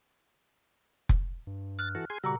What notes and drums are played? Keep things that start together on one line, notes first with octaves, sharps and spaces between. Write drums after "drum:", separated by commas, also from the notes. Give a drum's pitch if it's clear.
drum: kick F1
G2
F6 F#6 A6
E3 F#4 A4
G#4 G#5 C6
A#2 C#3 G3 F#4 A#5 E6